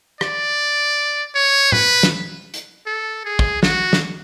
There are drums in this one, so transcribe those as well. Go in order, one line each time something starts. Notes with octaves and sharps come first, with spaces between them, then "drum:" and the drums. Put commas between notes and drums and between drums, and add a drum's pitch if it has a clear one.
D5, drum: rim click
C#5
B4, drum: tom A2
drum: snare
drum: hi-hat
A4
G#4
drum: kick
F#4, drum: snare
drum: snare